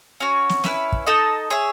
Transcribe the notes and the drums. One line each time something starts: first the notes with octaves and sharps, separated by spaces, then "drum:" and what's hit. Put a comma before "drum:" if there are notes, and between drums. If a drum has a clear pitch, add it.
C#4 F#4 C#5
drum: snare
C#4 E4 B4, drum: snare
drum: kick
D#4 A4 D#5 A5
G#4 C#5 E5